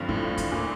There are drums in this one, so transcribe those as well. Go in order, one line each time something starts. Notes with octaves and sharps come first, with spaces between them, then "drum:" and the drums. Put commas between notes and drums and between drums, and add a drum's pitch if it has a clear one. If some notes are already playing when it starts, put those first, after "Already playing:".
Already playing: G2 D3 F3 C4 F4
A2, drum: kick D#2
drum: kick D#2, hi-hat
A#2